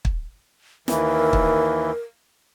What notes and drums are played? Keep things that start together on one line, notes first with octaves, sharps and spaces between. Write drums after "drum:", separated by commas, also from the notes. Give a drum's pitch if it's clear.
drum: kick
D#2 E3 A#4, drum: snare
drum: kick